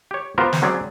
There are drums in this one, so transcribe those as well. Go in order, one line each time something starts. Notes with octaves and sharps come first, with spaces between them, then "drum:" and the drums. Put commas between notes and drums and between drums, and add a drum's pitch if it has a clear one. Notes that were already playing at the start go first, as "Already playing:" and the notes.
G4 C#5
B3 F4 G4 A#4 C5
drum: snare
F#3 C4 C#4 G#4 D5